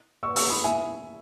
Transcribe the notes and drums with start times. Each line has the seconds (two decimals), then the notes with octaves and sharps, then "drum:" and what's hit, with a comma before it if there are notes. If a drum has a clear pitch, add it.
0.23 C#6 E6
0.36 C#6 E6, drum: open hi-hat
0.50 B5 D#6
0.64 E5 G#5